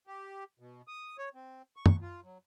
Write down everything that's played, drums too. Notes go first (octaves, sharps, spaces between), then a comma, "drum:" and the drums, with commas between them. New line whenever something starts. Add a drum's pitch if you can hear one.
G4
B2
D#6
C#5
C4
C#6
drum: tom
F4
F#3